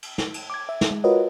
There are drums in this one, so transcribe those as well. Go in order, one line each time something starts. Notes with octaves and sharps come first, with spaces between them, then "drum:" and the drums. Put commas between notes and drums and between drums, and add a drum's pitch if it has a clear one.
drum: cymbal
drum: snare
drum: cymbal
D6 G#6
E5
drum: snare
G#3
F4 F#4 A#4 B4 C#5 D#5